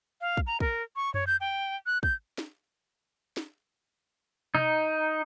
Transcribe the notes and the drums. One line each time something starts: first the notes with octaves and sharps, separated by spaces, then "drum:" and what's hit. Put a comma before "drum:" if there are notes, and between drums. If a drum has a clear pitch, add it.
F5
drum: kick
A#5
A#4, drum: kick
C#6
C#5, drum: tom F#2
G6
G5
F#6
G6, drum: kick
drum: snare
drum: snare
D#4, drum: tom B2